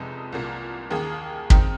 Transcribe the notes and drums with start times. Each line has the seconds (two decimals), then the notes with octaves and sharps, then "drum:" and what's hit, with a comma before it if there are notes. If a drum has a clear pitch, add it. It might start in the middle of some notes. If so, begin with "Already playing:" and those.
Already playing: F1 F2 C3 G#3 D#4
0.32 C2 A#2 A#3
0.91 D#2 D#3 A#3 G#4
1.50 D#3 C4 D#4, drum: kick